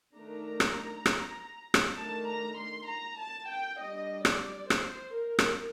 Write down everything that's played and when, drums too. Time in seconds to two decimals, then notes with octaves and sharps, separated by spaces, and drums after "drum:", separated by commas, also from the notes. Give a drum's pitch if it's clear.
0.14 D#3 A3 D4 A#5
0.60 drum: rim click
1.06 drum: rim click
1.74 drum: rim click
1.97 D#3 A3 D4 A5
2.28 A#5
2.58 C6
2.88 A#5
3.18 A5
3.49 G5
3.79 G3 D4 D#5
4.25 D5, drum: rim click
4.70 C5, drum: rim click
5.16 A#4
5.39 drum: rim click